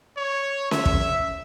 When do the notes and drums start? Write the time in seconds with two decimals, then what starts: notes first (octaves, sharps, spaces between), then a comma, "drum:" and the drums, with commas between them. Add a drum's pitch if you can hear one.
0.17 C#5
0.71 E5, drum: snare C#4
0.86 drum: kick